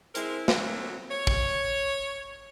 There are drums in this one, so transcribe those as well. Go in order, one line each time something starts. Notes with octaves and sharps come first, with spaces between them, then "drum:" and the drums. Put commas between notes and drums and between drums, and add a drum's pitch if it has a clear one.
G#3 C4 E4 A#4, drum: hi-hat
D2 F#3 C4, drum: snare
C#5
drum: kick